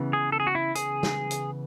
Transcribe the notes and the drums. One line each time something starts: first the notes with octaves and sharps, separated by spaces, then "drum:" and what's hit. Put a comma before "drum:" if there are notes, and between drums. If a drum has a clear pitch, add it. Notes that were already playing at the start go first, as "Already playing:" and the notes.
Already playing: C#3 E3 B3
G#4
A4
G#4
F#4
E4
G#4, drum: hi-hat
drum: snare
drum: hi-hat